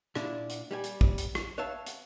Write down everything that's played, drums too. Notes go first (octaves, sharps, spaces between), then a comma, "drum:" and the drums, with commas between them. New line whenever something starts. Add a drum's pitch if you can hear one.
A#2 D4 E4, drum: rim click
drum: hi-hat
G3 G4 G#5
drum: hi-hat
drum: kick
drum: hi-hat
drum: rim click
B4 C#5 E5 F5 A5
drum: hi-hat